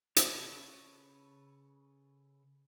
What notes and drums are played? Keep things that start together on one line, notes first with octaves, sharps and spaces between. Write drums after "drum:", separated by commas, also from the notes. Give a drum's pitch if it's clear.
C#3 A4 B4 C#5, drum: hi-hat